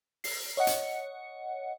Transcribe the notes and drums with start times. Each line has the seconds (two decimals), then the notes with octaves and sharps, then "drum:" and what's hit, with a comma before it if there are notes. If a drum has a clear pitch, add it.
0.24 C7, drum: open hi-hat
0.57 C#5 D#5 F#5 C#7
0.67 drum: hi-hat